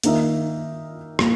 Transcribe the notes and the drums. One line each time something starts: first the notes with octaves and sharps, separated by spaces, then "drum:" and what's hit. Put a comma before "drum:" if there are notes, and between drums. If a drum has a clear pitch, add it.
D#3 A#3 D#4 A#4 E5, drum: hi-hat
A#2 A#3, drum: rim click